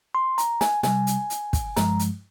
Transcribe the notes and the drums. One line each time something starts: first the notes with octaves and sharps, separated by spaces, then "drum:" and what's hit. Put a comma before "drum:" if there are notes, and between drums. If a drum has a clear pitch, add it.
C6
A#5, drum: hi-hat
G#5, drum: snare
C3 G3 G#5, drum: snare
drum: hi-hat
drum: hi-hat
drum: kick, hi-hat
G2 F3 G#3 A#5, drum: snare
drum: hi-hat